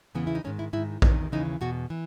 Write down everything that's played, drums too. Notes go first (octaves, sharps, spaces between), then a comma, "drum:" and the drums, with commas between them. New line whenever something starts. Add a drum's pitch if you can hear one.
E2 C#3 E3 B3
E4
D#4
G#2 D#3 C#4
E4
G#2 D#3 E4
E2 D#3 C#4, drum: kick A#1
D#2 C#3 E3 D#4
E2 B2 F#4
E3